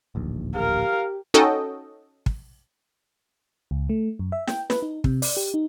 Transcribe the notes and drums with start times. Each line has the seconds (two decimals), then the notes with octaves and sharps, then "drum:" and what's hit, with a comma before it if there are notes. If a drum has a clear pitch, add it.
0.15 D1 A#1 D#2
0.56 G4 A#4 F5
1.34 C#4 D#4 F#4 A4 D#5 G5
2.26 drum: kick
3.71 C#2
3.89 A3
4.19 F#2
4.32 E5
4.47 G5, drum: snare
4.70 B4, drum: snare
4.82 D#4
5.04 C3, drum: kick
5.22 D5, drum: open hi-hat
5.37 G4
5.54 D#4